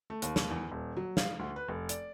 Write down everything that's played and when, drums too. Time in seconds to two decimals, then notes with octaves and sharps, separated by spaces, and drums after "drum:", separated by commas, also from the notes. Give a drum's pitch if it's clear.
0.10 A3
0.22 D#2, drum: hi-hat
0.36 drum: snare
0.50 E2
0.71 D#1
0.97 F#3
1.17 F5, drum: snare
1.39 D2
1.56 B4
1.68 F1
1.89 D5, drum: hi-hat